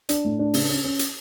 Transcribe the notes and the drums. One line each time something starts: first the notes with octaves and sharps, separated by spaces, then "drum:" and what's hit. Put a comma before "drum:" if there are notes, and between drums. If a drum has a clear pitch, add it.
D4, drum: hi-hat
A2
D4
C#3, drum: open hi-hat
C#4
C#4
drum: hi-hat